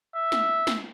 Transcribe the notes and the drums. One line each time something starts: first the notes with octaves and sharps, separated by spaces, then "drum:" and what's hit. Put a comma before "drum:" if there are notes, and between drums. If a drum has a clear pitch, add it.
E5
drum: snare
drum: snare